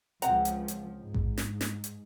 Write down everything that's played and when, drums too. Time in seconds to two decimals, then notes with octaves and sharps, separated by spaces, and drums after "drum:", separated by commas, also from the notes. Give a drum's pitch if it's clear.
0.22 C#2 F3 C4 F#5 A#5, drum: hi-hat
0.45 drum: hi-hat
0.68 drum: hi-hat
0.99 G#2
1.14 drum: kick A1
1.38 drum: snare
1.61 drum: snare
1.84 drum: hi-hat